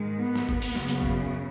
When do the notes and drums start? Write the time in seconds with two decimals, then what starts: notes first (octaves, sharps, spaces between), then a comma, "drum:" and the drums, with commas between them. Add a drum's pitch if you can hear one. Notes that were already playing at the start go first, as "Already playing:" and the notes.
Already playing: G#2 D#3 G#3
0.23 B3
0.35 drum: snare
0.49 drum: kick
0.62 drum: open hi-hat
0.75 F#2 C#3, drum: snare
0.88 drum: hi-hat
1.02 drum: kick